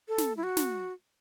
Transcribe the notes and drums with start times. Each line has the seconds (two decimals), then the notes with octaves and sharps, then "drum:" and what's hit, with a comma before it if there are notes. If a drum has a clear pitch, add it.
0.08 A4
0.18 drum: snare
0.37 E4
0.43 F#4
0.57 drum: snare